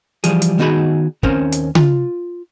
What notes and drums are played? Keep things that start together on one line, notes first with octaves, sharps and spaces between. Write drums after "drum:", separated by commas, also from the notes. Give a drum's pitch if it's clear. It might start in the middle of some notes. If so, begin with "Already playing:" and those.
E3 F3 G3 G#4, drum: hi-hat
drum: hi-hat
D#3 B3 D#4 F#4 G#4 B5
D#2 C4 C#4 A#4 C5, drum: kick
drum: hi-hat
F4, drum: tom C#3